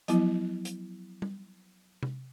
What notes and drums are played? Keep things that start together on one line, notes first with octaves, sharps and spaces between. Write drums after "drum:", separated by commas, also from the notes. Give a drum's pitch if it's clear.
F3 F#3 B3 E4, drum: hi-hat
drum: hi-hat
drum: tom G3
drum: tom C3